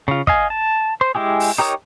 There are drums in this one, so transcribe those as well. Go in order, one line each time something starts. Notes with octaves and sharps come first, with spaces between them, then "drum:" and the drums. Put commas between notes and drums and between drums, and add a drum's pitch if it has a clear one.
C#3 F4
D#5 F5 G#5, drum: kick
A5
C5
G#3 E4 G4 G#4
drum: open hi-hat
D#4 G4 A#4 C#5 D#6